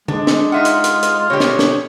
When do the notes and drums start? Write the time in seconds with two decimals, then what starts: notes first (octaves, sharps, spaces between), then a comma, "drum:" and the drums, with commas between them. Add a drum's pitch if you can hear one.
0.08 G#3 D4, drum: tom D3
0.27 drum: snare
0.52 D#4 F4 E5 F#5
0.65 drum: hi-hat
0.84 drum: hi-hat
1.03 drum: hi-hat
1.30 B2 D3 G4 C#5
1.40 drum: snare
1.59 drum: snare